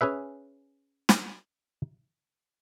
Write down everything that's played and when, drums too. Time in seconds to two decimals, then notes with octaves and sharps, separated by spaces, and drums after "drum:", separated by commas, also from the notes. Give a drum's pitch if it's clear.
0.01 C#4 G#4 B4 E5
1.09 drum: snare